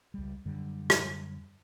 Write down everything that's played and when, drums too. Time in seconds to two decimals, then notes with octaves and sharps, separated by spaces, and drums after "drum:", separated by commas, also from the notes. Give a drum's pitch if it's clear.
0.14 C#2 G3
0.45 F#2 D3 G3
0.90 drum: rim click